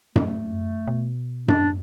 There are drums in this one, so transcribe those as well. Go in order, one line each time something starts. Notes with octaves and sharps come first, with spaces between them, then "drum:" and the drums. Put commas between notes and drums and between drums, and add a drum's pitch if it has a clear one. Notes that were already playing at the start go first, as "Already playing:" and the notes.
F#2 A3, drum: tom F#2
B2
D4, drum: tom F#2